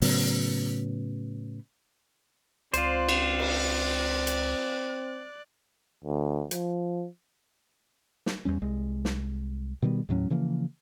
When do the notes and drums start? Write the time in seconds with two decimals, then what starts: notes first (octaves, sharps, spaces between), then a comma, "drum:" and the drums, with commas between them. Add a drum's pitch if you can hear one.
0.02 A2 C#3 F#3 B3, drum: open hi-hat
2.74 C#2 C4 F4 C5 D5 F#6, drum: hi-hat
3.09 drum: cymbal
3.39 drum: cymbal
4.27 drum: hi-hat
6.04 D2
6.51 F3, drum: hi-hat
8.26 drum: snare
8.45 E2 G#2 G3 C#4
8.62 C2 G#3
9.05 drum: snare
9.82 B2 D#3 G3 B3
10.09 D#2 A2 F#3 C#4
10.30 C#3 E3 F3 A#3